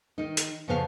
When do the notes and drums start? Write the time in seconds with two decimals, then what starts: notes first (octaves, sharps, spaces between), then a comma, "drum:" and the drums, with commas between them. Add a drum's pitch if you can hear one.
0.18 D#3 D#4
0.37 drum: hi-hat
0.68 F2 C#3 B3 F5 A5